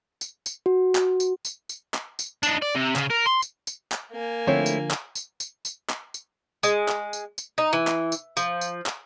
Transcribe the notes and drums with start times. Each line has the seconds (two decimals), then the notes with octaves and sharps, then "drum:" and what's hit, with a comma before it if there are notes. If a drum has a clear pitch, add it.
0.21 drum: tambourine
0.46 drum: tambourine
0.66 F#4
0.95 drum: clap
1.20 drum: tambourine
1.45 drum: tambourine
1.69 drum: tambourine
1.94 drum: clap
2.19 drum: tambourine
2.43 D4 D#4, drum: tambourine
2.62 D5
2.75 C3
2.96 C#3, drum: clap
3.10 A#4
3.27 C6
3.42 drum: tambourine
3.67 drum: tambourine
3.92 drum: clap
4.12 A#3 G#5
4.47 D3 F3 A3 C4 E4 F4 C#5
4.66 drum: tambourine
4.91 drum: clap
5.15 drum: tambourine
5.40 drum: tambourine
5.65 drum: tambourine
5.90 drum: clap
6.14 drum: tambourine
6.63 G#3, drum: tambourine
6.88 drum: clap
7.13 drum: tambourine
7.38 drum: tambourine
7.58 D#4
7.73 E3
7.87 drum: clap
8.12 drum: tambourine
8.37 F3, drum: tambourine
8.61 drum: tambourine
8.86 drum: clap